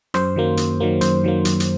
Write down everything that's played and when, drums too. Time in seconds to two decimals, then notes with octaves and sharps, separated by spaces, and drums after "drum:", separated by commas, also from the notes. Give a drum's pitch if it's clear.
0.14 F#2 C5, drum: rim click
0.36 D#3 F#3 A#3
0.57 F#2, drum: hi-hat
0.80 D#3 F#3 A#3
1.01 F#2 C5, drum: hi-hat
1.24 D#3 F#3 A#3
1.45 F#2, drum: hi-hat
1.60 drum: hi-hat